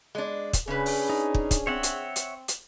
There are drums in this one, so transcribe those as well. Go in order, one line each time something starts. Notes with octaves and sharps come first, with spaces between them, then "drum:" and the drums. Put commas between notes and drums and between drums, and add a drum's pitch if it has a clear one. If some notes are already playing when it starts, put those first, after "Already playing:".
G#3 D4
drum: kick, hi-hat
C#3 C#4 D4 G#4 B4
drum: open hi-hat
D#4
drum: kick
drum: kick, hi-hat
C4 C#5 E5 F#5
drum: hi-hat
drum: hi-hat
drum: hi-hat